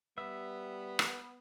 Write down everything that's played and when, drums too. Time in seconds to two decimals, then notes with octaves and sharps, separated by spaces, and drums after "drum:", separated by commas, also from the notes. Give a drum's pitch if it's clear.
0.18 G3 B3 E5
0.99 drum: rim click